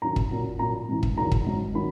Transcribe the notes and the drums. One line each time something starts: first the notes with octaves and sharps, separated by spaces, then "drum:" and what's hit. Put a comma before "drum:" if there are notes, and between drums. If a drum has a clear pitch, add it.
F#2 D#3 F#3 A#5
drum: kick
A#2 F#3
A#2 F#3 A#5
G#2 E3
drum: kick
E2 D#3 F#3 A#5
drum: kick
G#2 F#3
D#3 F#3 B5